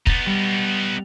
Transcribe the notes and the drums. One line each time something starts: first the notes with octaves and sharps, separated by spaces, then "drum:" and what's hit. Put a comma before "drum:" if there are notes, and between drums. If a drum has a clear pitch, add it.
B3 D#4 A6, drum: kick
G3